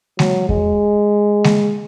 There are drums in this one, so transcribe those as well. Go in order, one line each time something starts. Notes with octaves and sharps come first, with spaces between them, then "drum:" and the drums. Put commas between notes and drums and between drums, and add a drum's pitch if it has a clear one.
F#3, drum: snare G#3
G#3, drum: kick E2
drum: snare G#3